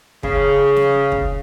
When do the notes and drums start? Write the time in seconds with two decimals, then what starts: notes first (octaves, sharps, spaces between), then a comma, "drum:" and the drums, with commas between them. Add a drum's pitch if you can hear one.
0.23 C#3, drum: kick
0.76 drum: snare
1.12 drum: kick